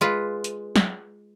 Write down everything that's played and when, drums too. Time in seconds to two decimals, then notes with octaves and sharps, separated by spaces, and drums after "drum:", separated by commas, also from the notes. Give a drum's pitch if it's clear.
0.01 G#3 F4 B4
0.44 drum: hi-hat
0.76 drum: snare